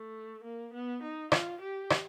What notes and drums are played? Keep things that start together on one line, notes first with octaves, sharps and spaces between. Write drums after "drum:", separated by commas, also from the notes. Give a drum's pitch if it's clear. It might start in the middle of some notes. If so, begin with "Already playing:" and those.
Already playing: A3
A#3
B3
D#4
F4, drum: rim click
G4
drum: rim click